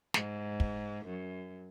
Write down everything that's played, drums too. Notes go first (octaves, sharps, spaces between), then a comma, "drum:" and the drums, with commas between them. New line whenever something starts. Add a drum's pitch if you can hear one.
G#2, drum: snare
drum: kick
F#2